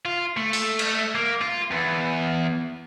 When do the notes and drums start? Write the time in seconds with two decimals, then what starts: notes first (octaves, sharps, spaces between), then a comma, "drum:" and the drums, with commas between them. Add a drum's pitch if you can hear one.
0.05 F4
0.37 A3
0.53 drum: open hi-hat
0.79 drum: cymbal
1.15 A#3
1.42 F4
1.71 E2